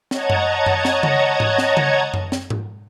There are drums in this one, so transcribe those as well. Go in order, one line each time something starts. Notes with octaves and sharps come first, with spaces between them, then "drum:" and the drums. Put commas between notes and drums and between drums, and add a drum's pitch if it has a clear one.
C#5 D#5 F#5 A5 A#5 G#6, drum: snare
drum: tom F#2
drum: tom F#2
drum: snare
drum: tom C#3
drum: tom G#2
drum: snare
drum: tom C#3
drum: tom F#2
drum: snare
drum: tom G#2